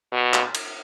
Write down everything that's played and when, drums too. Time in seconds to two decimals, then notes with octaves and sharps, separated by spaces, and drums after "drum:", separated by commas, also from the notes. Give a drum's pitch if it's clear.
0.12 B2
0.34 drum: clap
0.55 drum: cymbal